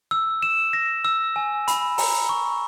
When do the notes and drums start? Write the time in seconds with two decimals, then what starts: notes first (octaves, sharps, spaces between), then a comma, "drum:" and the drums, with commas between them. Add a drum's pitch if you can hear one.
0.11 E6
0.42 E7
0.73 A#6
1.05 E6
1.36 G#5
1.68 B5, drum: hi-hat
1.98 A#5, drum: open hi-hat
2.29 C#6